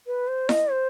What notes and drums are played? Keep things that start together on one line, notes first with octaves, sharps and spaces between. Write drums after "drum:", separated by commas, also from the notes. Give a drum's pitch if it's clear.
B4
C5
D#5, drum: snare E4
C5